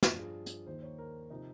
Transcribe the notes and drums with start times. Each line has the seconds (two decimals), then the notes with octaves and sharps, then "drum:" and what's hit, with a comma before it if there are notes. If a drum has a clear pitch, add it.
0.03 G2 F3 F4, drum: snare
0.19 G#4
0.46 drum: hi-hat
0.66 D#2 D#3 C5
0.83 C#5
0.98 A#4
1.30 C3 F3 D#4